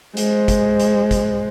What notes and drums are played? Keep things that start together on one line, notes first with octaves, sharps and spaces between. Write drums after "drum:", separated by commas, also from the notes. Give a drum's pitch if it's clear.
G#3 C5, drum: hi-hat
drum: kick, hi-hat
drum: hi-hat
drum: kick, hi-hat